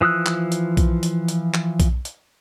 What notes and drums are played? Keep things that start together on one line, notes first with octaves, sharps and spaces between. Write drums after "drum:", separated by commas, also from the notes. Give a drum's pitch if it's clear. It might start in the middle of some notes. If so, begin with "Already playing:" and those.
E3 F3 D#6 E6 F#6
drum: clap
drum: hi-hat
drum: kick B1, hi-hat
drum: hi-hat
drum: hi-hat
drum: clap
drum: kick B1, hi-hat
drum: hi-hat